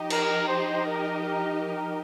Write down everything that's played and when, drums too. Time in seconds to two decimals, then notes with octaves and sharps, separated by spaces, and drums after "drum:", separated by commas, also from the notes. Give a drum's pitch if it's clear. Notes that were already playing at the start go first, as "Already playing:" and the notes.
Already playing: F3 D#4 G4 D#5
0.10 A#4, drum: cymbal
0.48 C5
0.84 A#4
1.21 A#4
1.59 A#4